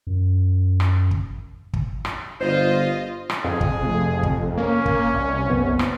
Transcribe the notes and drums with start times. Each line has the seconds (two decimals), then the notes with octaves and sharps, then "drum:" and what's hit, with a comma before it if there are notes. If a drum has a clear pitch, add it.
0.07 F#2
0.80 drum: rim click
1.11 drum: kick
1.73 drum: kick
2.05 drum: rim click
2.41 G1 F4 C5 D#5
3.30 drum: rim click
3.44 F2 G#4
3.61 drum: kick
3.83 C3 A3
4.23 drum: kick
4.58 A#3 C#4
4.86 drum: kick
5.14 C2
5.48 F#1 B3 C4
5.79 drum: rim click